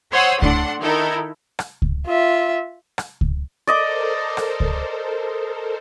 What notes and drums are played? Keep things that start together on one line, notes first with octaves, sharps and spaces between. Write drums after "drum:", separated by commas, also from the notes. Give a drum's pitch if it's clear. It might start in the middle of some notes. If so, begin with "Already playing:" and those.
C5 C#5 F#5 C6 D#6 E6
A2 D4 F#5 C6, drum: kick C#2
D#3 D#4 E4 A4 A#4
drum: rim click
drum: kick C#2
F4 E5
drum: rim click
drum: kick C#2
A4 A#4 C5 D5 D#5 D6
drum: rim click
drum: kick C#2